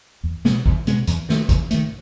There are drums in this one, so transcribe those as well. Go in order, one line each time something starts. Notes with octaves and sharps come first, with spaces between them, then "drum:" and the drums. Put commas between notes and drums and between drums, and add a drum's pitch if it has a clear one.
E2
B2 G#3 B3, drum: snare
E2, drum: kick G#1
B2 G#3 B3, drum: hi-hat
E2, drum: hi-hat
D#3 A3, drum: snare
E2, drum: kick G#1, hi-hat
D#3 A3, drum: hi-hat